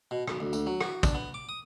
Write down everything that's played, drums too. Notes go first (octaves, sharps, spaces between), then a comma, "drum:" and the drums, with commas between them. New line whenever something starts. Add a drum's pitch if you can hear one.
B2
B1, drum: rim click
D2
D2, drum: tambourine
F#3
F#4, drum: rim click
D4, drum: kick, tambourine
B3
D6
D#6